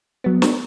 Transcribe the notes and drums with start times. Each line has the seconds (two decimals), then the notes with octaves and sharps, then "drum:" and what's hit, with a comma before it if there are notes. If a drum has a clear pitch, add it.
0.24 F#3 B3
0.42 drum: snare